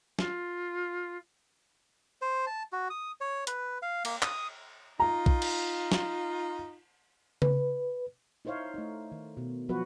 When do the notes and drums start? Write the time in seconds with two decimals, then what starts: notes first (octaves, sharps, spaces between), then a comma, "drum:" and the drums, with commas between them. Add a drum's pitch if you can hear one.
0.19 F4, drum: snare
2.22 C5
2.47 A5
2.72 F#4
2.90 D#6
3.21 C#5
3.47 B4, drum: hi-hat
3.82 F5
4.05 A#3, drum: cymbal
4.22 D#6, drum: clap
5.00 D#4 F4 A#5
5.26 drum: kick
5.42 drum: cymbal
5.92 drum: snare
7.42 B4, drum: tom C#3
8.45 D#4 E4 C5 C#5 F5
8.74 A3 D#4
9.12 D#3
9.37 B2
9.69 F3 F#3 B3 F#4 B4